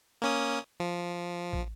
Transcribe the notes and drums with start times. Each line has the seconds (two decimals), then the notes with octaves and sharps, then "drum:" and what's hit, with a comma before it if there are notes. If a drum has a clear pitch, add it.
0.22 A#3 C#4 D#6
0.80 F3
1.53 drum: kick